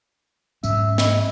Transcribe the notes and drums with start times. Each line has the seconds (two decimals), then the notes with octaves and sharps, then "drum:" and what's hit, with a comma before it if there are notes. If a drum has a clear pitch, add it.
0.63 G#2 F#3 C#4 E5, drum: tambourine
0.98 E4 D#5, drum: snare